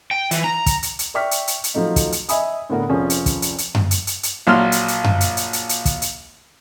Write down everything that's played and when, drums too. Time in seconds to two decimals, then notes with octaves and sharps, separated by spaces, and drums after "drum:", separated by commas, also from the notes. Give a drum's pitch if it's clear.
0.11 G5
0.31 E3, drum: hi-hat
0.44 A#5
0.66 drum: kick, hi-hat
0.83 drum: hi-hat
0.99 drum: hi-hat
1.14 D5 E5 G5 C#6 F6 B6
1.31 drum: hi-hat
1.47 drum: hi-hat
1.64 drum: hi-hat
1.74 F3 F#3 A3 D#4
1.96 drum: kick, hi-hat
2.12 drum: hi-hat
2.29 D#5 E5 G#5 B5 D#6, drum: hi-hat
2.70 A2 D3 B3 A#4 F#5
2.89 F1 F3 C#4 G#4
3.10 drum: hi-hat
3.26 drum: kick, hi-hat
3.42 drum: hi-hat
3.58 drum: hi-hat
3.75 drum: tom F#2
3.91 drum: hi-hat
4.07 drum: hi-hat
4.23 drum: hi-hat
4.47 A#1 F#3 C6 F6
4.72 drum: hi-hat
4.88 drum: hi-hat
5.04 drum: tom F#2
5.21 drum: hi-hat
5.37 drum: hi-hat
5.53 drum: hi-hat
5.69 drum: hi-hat
5.85 drum: kick, hi-hat
6.02 drum: hi-hat